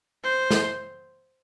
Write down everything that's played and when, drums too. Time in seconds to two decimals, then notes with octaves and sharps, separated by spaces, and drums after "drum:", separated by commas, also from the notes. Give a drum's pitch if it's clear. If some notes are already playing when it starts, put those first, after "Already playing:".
0.24 C5
0.51 drum: snare